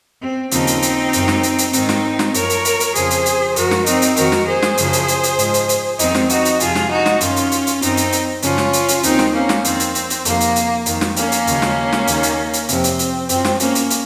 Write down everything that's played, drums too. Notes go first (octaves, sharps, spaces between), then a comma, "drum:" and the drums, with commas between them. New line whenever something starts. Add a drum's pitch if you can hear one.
C4
D#2 C#3 F3 C4 D#4, drum: hi-hat
drum: hi-hat
drum: hi-hat
F#2 D#3, drum: hi-hat
drum: snare
drum: hi-hat
drum: hi-hat
G#2 D#3 C4 D#4, drum: hi-hat
drum: snare
drum: snare
F#2 F3 A#4 C#5, drum: hi-hat
drum: hi-hat
drum: hi-hat
drum: hi-hat
F2 C#3 F3 G#4 C5, drum: hi-hat
drum: hi-hat
drum: hi-hat
F#2 F3 F#4 A#4, drum: hi-hat
drum: snare
C4 D#4, drum: hi-hat
drum: hi-hat
F2 D#3 F#4 A#4, drum: hi-hat
drum: snare
G#4 C5
drum: snare
F#2 C#3 F3, drum: hi-hat
drum: hi-hat
drum: hi-hat
drum: hi-hat
G#2 F3, drum: hi-hat
drum: hi-hat
drum: hi-hat
F2 D#3 C4 D#4, drum: hi-hat
drum: snare
D#4 F#4, drum: hi-hat
drum: hi-hat
F2 C3 F3 F4 G#4, drum: hi-hat
drum: snare
D#4 F#4
drum: snare
F#2 D#3 C#4 F4, drum: hi-hat
drum: hi-hat
drum: hi-hat
drum: hi-hat
F#2 D#3 C4 D#4, drum: hi-hat
drum: hi-hat
drum: hi-hat
F#2 C#3 F3 C#4 F4, drum: hi-hat
drum: snare
drum: hi-hat
drum: hi-hat
D#2 D#3 C4 D#4, drum: hi-hat
drum: snare
A#3 C#4
drum: snare
F2 D#3 C4, drum: hi-hat
drum: hi-hat
drum: hi-hat
drum: hi-hat
F2 C3 D#3 A#3, drum: hi-hat
drum: hi-hat
drum: hi-hat
F2 D#3, drum: hi-hat
drum: snare
A#3 C#4, drum: hi-hat
drum: hi-hat
D#2 C#3 F3, drum: hi-hat
drum: snare
drum: snare
D#2 D#3, drum: hi-hat
drum: hi-hat
drum: hi-hat
F2 C3 F3 C4, drum: hi-hat
drum: hi-hat
drum: hi-hat
F#2 F3 C4, drum: hi-hat
drum: snare
A#3 C#4, drum: hi-hat
drum: hi-hat
drum: hi-hat